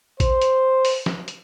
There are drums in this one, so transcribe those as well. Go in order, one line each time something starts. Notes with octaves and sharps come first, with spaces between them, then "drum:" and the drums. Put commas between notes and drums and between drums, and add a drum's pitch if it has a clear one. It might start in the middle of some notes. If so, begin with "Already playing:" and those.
C5, drum: kick A1, hi-hat
drum: hi-hat
drum: open hi-hat
drum: snare
drum: hi-hat